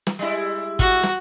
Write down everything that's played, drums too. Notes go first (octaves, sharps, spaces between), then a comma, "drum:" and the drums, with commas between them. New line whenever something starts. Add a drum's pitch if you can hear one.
drum: snare
G3 G#3 E4
F#4, drum: kick
drum: snare